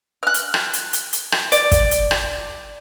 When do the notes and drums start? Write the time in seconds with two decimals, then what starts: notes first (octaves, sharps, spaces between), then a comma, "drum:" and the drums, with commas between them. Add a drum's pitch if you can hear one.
0.23 F6 F#6
0.34 drum: hi-hat
0.54 drum: rim click
0.73 drum: hi-hat
0.93 drum: hi-hat
1.13 drum: hi-hat
1.32 drum: rim click
1.52 D5, drum: hi-hat
1.72 drum: kick, hi-hat
1.91 drum: hi-hat
2.11 drum: rim click